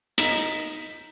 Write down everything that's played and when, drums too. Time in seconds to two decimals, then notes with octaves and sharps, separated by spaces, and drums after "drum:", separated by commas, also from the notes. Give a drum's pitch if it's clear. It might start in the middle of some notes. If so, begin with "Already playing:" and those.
0.18 D#4 B6, drum: hi-hat